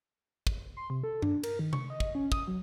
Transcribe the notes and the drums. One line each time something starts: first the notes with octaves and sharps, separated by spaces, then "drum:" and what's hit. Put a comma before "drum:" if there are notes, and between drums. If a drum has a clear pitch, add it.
drum: kick
C6
C3
A4
D4, drum: tom G2
A#4, drum: cymbal
D#3
C#6, drum: tom C3
D#5
drum: kick
C#4
D#6, drum: kick
F#3